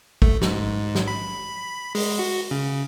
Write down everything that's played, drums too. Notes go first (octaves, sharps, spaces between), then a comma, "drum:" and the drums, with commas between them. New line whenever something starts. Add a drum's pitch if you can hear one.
A3, drum: kick A1
G#2, drum: snare
drum: snare
B5
G#3, drum: open hi-hat
F#4
C#3